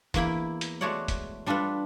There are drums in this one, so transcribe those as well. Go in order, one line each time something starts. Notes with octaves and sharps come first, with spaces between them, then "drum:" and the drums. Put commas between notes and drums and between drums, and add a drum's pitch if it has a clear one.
E2 A#3 E4 B5, drum: kick, hi-hat
drum: hi-hat
G#3 A3 F#4 C#5 D5 F#5
drum: kick, hi-hat
G3 D4 F4 A4 B4